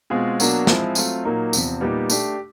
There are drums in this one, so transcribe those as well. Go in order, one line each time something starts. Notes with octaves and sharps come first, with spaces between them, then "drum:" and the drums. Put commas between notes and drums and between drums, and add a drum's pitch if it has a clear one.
B2 G#3 C4 F4 G#4
B2 F#3 A#3 D4 F#4, drum: tambourine
F3 G#3 C4 E4, drum: snare
F#3 A3 C4 F4, drum: tambourine
A#2 F#3 A#3 D#4
E2 C3 F3, drum: tambourine
A#2 G3 B3 D#4 G4
A3 D4 G4, drum: tambourine